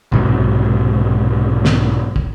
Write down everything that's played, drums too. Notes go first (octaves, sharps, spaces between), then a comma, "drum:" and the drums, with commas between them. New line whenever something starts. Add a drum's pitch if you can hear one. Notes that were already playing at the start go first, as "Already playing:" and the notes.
B1 G#2 C3 F#3, drum: kick
drum: snare
drum: kick